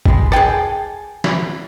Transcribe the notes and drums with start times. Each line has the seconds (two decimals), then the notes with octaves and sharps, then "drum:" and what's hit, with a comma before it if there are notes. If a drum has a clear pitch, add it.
0.06 G3 G#3, drum: kick
0.32 G#4 D#5 G5 A5, drum: rim click
1.24 E4, drum: snare